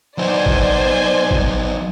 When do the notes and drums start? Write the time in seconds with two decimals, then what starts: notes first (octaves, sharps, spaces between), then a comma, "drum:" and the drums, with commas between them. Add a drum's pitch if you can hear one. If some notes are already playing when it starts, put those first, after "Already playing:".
0.18 F#3 D#4 C5 D5 G#5
0.46 drum: kick G#1
1.31 drum: kick G#1